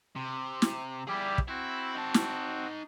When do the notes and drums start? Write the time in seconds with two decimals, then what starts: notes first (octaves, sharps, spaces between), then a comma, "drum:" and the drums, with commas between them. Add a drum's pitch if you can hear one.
0.16 C3
0.62 drum: snare
1.08 G3 E4 G4 G#4 D5
1.38 drum: kick
1.48 C4 E4 F#4
1.95 D#4 A5
2.14 drum: snare